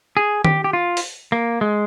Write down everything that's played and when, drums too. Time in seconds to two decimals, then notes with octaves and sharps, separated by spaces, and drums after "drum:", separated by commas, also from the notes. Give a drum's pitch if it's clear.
0.17 G#4
0.45 G4, drum: tom D#3
0.64 G4
0.73 F4
0.97 drum: open hi-hat
1.32 A#3
1.61 G#3